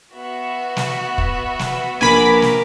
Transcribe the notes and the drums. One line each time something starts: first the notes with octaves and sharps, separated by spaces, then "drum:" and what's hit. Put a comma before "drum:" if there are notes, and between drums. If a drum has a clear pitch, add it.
B3 F#4 E5
drum: snare
drum: kick
drum: snare
A#1 A#4 G#5 B5 D6 B6, drum: snare
drum: snare